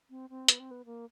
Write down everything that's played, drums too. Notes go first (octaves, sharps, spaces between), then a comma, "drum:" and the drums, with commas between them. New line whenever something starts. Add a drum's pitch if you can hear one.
C4
C4
B3, drum: hi-hat
C4
B3
A#3